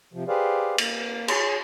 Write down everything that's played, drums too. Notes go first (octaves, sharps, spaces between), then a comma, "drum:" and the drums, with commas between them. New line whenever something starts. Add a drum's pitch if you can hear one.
C3 F3
G4 G#4 B4 C5 D5 F5
A#3, drum: cymbal
G#4 C#5, drum: cymbal